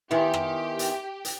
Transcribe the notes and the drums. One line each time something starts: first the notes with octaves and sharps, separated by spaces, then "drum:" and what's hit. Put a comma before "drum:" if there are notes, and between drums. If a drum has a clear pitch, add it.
D#3 B3 E4 G4 E5 G#5 C6
drum: rim click
drum: hi-hat
drum: hi-hat